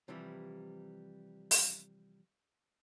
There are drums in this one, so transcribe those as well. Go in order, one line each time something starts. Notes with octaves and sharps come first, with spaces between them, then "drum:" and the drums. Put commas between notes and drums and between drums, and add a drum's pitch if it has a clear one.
C3 E3 F3 G3 E4
drum: open hi-hat